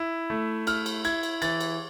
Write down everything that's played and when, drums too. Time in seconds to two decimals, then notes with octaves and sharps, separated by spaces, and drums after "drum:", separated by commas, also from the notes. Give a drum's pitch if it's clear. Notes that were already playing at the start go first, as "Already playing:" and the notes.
Already playing: E4
0.30 A3
0.67 E4 F6, drum: cymbal
0.86 drum: cymbal
1.05 E4 G#6, drum: cymbal
1.23 drum: cymbal
1.42 E3 A6, drum: cymbal
1.61 drum: cymbal